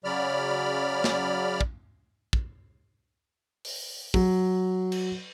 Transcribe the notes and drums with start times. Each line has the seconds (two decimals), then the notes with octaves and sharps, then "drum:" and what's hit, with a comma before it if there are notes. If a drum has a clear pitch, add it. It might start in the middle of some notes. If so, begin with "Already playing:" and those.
0.05 C#3 F#3 D5 B5 F6
1.04 drum: snare
1.61 drum: kick
2.33 drum: kick
3.65 drum: open hi-hat
4.14 F#3, drum: kick
4.92 drum: cymbal